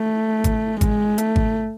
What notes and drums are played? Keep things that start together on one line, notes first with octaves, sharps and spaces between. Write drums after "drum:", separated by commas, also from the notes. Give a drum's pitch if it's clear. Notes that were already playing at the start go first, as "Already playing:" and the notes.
Already playing: A3
drum: kick G#1, hi-hat
G#3, drum: kick G#1, hi-hat
A3, drum: hi-hat
drum: kick G#1